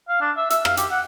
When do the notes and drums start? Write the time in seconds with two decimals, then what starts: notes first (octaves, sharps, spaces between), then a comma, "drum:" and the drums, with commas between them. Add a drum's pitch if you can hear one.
0.09 F5
0.21 D4
0.37 E5
0.50 E5, drum: hi-hat
0.65 F5, drum: rim click
0.77 G4, drum: hi-hat
0.91 F#5